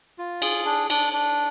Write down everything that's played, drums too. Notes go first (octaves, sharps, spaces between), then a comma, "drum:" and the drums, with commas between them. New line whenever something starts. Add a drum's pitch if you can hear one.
F4
G#4, drum: cymbal
D4
D4, drum: cymbal
D4